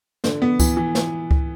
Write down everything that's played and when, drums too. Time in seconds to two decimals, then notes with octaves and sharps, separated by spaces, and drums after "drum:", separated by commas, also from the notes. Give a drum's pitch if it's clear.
0.24 D3, drum: snare
0.42 B3
0.60 E3, drum: kick C#2, tambourine
0.77 E3
0.95 drum: snare
1.31 drum: kick C#2